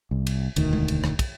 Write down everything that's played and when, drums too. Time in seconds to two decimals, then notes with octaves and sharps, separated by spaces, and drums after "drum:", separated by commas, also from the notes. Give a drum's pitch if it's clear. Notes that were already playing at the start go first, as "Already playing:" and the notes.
0.11 C2
0.27 drum: cymbal
0.56 E1 D2 D#3, drum: cymbal
0.73 drum: tom G#3
0.88 drum: cymbal
1.04 drum: rim click
1.19 drum: kick, cymbal